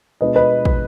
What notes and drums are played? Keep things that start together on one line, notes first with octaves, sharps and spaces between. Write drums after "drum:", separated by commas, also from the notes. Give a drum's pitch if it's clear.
B2 G#3 D4 F4 B4 D#5
B4 D#5
drum: kick